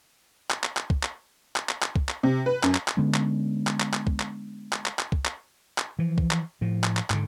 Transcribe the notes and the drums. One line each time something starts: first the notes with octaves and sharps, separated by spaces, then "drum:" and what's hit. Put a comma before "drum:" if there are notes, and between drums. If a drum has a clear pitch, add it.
drum: clap
drum: clap
drum: clap
drum: kick
drum: clap
drum: clap
drum: clap
drum: clap
drum: kick
drum: clap
C3
B4
F#2, drum: clap
drum: clap
drum: clap
D3 G#3 B3 C#4
drum: clap
drum: clap
drum: clap
drum: clap
drum: kick
drum: clap
drum: clap
drum: clap
drum: clap
drum: kick
drum: clap
drum: clap
E3 F3
drum: kick
drum: clap
A2 F3
drum: clap
drum: clap
G#2 D3, drum: clap